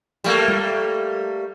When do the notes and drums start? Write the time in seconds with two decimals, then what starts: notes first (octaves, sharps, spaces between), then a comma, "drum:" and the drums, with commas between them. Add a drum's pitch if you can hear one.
0.24 G3 A3 A#3, drum: tambourine
0.48 drum: tom G3